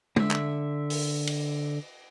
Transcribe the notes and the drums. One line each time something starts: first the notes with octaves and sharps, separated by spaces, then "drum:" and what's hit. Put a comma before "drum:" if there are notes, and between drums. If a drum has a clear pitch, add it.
D3 E5, drum: tom G#3
drum: clap
drum: open hi-hat
drum: cymbal